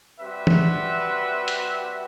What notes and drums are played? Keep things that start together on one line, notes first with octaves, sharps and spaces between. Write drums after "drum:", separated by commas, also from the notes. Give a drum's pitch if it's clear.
G3 C4 F#4 B4 E5
drum: tom
drum: hi-hat